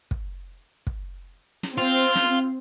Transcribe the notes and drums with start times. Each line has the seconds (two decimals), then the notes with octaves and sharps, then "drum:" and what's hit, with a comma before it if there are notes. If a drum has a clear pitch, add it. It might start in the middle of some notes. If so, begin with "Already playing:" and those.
0.11 drum: kick
0.87 drum: kick
1.63 drum: snare
1.78 C4 F4, drum: hi-hat
2.16 drum: snare